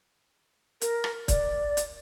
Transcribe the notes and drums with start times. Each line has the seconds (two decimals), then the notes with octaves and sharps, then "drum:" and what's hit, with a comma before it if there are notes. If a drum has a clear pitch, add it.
0.81 A#4, drum: hi-hat
1.04 drum: rim click
1.28 D5, drum: kick C#1, hi-hat
1.77 drum: hi-hat